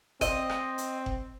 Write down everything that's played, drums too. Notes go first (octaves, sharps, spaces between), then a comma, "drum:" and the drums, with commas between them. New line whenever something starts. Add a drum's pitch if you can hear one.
C4 D#5, drum: kick F#1, hi-hat
drum: rim click
drum: hi-hat
drum: kick F#1